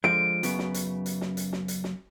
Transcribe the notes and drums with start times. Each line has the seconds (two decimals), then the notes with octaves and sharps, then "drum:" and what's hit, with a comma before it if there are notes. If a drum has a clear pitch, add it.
0.04 F3 G#3 D7
0.43 F#2 C#3 B3, drum: hi-hat
0.59 drum: snare
0.74 drum: hi-hat
1.06 drum: hi-hat
1.21 drum: snare
1.37 drum: hi-hat
1.53 drum: snare
1.68 drum: hi-hat
1.84 drum: snare